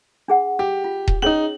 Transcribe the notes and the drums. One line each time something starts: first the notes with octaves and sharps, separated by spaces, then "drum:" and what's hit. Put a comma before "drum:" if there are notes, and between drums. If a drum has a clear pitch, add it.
D4 G#4 F#5
G4 D6
F4
drum: kick D#1
C#4 D#4 G#4 C#5 F#7